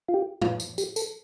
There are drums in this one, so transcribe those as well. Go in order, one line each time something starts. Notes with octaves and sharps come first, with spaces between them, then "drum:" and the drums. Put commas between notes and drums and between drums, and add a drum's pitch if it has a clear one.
F4
G4
F4, drum: tom
drum: tambourine
G4, drum: tambourine
A4, drum: tambourine